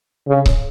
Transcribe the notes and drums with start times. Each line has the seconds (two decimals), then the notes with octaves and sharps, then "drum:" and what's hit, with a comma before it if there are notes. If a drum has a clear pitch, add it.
0.28 C#3
0.46 drum: kick C#1